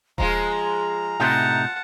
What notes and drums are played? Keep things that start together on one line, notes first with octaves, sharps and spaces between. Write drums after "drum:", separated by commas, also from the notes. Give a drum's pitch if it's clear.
F3 G#3 F4 A#5, drum: kick D#1
A2 C3 D#4 F4 F#5 A5